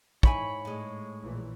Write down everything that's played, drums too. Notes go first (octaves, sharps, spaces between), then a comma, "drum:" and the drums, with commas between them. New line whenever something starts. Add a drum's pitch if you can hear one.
G#2 D#4 E4 C#5 G#5 B5, drum: kick
A2 G#3
A#1 A#2 E3